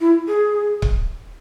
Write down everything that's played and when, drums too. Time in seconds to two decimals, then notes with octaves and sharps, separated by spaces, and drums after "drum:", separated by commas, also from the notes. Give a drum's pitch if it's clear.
0.01 E4
0.28 G#4
0.82 drum: kick C#1